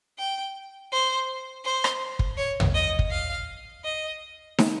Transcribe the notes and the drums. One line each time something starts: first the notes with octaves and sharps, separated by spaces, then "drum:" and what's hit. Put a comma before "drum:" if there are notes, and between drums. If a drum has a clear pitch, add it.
G5
C5
C5
drum: rim click
drum: kick
C#5
drum: tom
D#5
drum: kick
F5
D#5
drum: snare